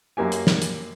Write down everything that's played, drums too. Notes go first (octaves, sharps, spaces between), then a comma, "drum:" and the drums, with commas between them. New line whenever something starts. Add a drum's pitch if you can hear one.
F#2 A#3 G4 G#5
drum: hi-hat
drum: snare
drum: hi-hat